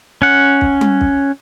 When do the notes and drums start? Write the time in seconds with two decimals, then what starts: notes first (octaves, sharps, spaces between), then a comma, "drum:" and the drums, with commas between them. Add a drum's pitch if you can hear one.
0.22 C#4 F#5
0.61 drum: kick
0.81 drum: tom G3
1.01 drum: kick